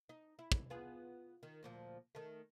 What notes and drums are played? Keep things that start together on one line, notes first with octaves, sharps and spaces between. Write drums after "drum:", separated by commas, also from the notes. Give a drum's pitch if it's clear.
D#4
E4
drum: kick
B3 F4 G#4
D#3
D2 A#2 F3
D#3 A3